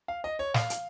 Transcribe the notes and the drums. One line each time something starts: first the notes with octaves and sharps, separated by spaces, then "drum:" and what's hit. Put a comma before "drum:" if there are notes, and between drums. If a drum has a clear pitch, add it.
F5
D#5
C#5
F5, drum: snare
drum: hi-hat